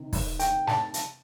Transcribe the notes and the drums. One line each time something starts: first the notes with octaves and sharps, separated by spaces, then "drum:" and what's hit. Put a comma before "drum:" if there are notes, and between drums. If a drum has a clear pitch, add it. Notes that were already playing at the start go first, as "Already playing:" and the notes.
Already playing: C3 D#3
drum: kick, open hi-hat
G5, drum: hi-hat
A5, drum: snare
drum: hi-hat